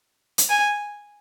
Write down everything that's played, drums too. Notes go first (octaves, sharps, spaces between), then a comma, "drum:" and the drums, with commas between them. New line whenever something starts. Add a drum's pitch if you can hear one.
drum: hi-hat
G#5